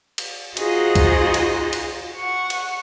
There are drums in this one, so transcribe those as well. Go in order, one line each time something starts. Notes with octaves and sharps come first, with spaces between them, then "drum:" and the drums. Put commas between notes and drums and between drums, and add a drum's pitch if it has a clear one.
drum: cymbal
D#4 F4 F#4 G#4 C5 D#5, drum: cymbal
drum: kick, cymbal
drum: cymbal
drum: cymbal
F#5 C#6
drum: cymbal